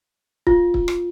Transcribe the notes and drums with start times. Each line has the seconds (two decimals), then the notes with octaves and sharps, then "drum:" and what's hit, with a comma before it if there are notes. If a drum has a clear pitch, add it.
0.47 F4, drum: kick
0.74 drum: kick
0.88 drum: rim click